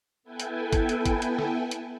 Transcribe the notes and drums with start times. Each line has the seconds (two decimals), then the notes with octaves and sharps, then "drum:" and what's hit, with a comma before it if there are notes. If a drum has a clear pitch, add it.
0.23 B3 E4 A4 B4 G5 G#5
0.40 drum: hi-hat
0.73 drum: kick, hi-hat
0.89 drum: hi-hat
1.06 drum: kick, hi-hat
1.22 drum: hi-hat
1.38 drum: snare
1.71 drum: hi-hat